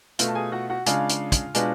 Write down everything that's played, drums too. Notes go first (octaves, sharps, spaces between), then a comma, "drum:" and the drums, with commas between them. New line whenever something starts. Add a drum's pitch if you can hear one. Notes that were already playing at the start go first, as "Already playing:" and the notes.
B2 A3 F4, drum: hi-hat
A5
G#4 G#5
F#4 F#5
F#4 F#5
C#3 G#3 D4 F4 F5, drum: hi-hat
drum: hi-hat
drum: kick, hi-hat
B2 G#3 D4 F4, drum: hi-hat